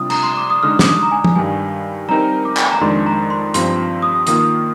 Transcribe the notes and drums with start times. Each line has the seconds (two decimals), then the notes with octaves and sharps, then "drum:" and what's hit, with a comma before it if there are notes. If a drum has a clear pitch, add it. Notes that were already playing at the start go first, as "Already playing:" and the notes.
Already playing: C3 G3 D4 F4 D#6
0.10 A#5, drum: cymbal
0.23 C6
0.37 D6
0.50 D#6
0.63 D3 G#3 D#4 F6
0.79 D6, drum: snare
0.87 D#6
1.03 A#5
1.11 G#5
1.25 drum: tom
1.35 G2 D#3 G3 G#5
2.09 G3 C4 D#4 A#4 A#5
2.45 D6
2.57 drum: clap
2.72 A#5
2.81 F2 D#3 G#3 D4 C6
3.06 A#5
3.30 C6
3.54 G2 F3 C4 C6, drum: hi-hat
4.02 D#6
4.27 D#3 A#3 F4 D#6, drum: hi-hat